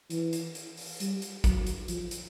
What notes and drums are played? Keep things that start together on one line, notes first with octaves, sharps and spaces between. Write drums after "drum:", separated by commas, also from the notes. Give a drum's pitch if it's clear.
E3, drum: hi-hat
drum: hi-hat
drum: hi-hat
drum: open hi-hat
G3, drum: hi-hat
drum: hi-hat
F#3, drum: kick, hi-hat
drum: hi-hat
F3, drum: hi-hat
drum: hi-hat